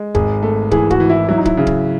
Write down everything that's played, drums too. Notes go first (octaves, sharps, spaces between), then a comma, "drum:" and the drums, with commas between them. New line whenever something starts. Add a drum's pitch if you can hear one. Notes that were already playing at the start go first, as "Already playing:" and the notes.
Already playing: G#3
G#1 G#4, drum: kick
A3
E3 G#4, drum: kick
F#4, drum: kick
E3
E4
F#3 E4
D#4
E4, drum: kick
C#3
drum: kick